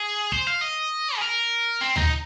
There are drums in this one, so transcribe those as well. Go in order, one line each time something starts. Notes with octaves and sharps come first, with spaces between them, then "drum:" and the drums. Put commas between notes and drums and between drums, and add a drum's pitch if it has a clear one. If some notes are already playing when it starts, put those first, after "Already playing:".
Already playing: G#4
C5, drum: kick
F5
D#5
G#4
A#4
C4
D#4, drum: tom D2